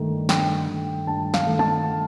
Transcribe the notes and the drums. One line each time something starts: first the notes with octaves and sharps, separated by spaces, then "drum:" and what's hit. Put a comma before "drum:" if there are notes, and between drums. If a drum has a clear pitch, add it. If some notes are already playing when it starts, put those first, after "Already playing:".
Already playing: G2 D#3 A3
G2 G5, drum: snare
D#3 A3
G2 A5
F5, drum: snare
D#3 A3
A5, drum: tom